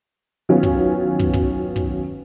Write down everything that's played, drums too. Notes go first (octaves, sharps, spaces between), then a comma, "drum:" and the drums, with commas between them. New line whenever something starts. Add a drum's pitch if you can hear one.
D#3 F#3 B3 C#4 F4
drum: kick
drum: kick
drum: kick
drum: kick